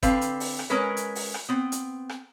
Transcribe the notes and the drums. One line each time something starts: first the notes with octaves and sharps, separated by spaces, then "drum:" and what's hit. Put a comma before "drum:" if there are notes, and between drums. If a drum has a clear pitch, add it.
D3 C4 B4 F5, drum: kick F#1, hi-hat
drum: hi-hat
drum: open hi-hat
drum: rim click
G#3 C#4 A#4 B4
drum: hi-hat
drum: open hi-hat
drum: rim click
B3 C4
drum: hi-hat
drum: rim click